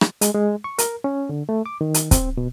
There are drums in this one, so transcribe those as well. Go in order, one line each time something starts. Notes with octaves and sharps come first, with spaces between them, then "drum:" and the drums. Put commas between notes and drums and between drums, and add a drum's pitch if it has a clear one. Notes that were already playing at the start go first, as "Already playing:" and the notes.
drum: rim click
G#3, drum: hi-hat
G#3
C#6
A#4, drum: hi-hat
C#4
D3
A3
D6
D#3
drum: hi-hat
C4, drum: kick, hi-hat
B2